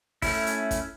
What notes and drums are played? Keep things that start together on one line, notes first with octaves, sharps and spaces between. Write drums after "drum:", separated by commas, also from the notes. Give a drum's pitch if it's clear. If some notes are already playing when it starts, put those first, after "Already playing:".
A3 C#4 E4, drum: kick G#1, open hi-hat
drum: hi-hat
drum: kick G#1, hi-hat